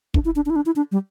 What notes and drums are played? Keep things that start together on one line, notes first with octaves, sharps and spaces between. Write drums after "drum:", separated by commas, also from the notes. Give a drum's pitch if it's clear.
D4, drum: kick
E4
D4
D4
E4
D4
E4
D4
G3